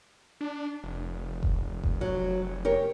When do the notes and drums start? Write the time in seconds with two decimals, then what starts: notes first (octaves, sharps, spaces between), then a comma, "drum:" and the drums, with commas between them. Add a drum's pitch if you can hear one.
0.41 D4
0.84 F1
1.43 drum: kick F#1
1.83 drum: kick F#1
2.01 F#3
2.65 G4 A#4 C#5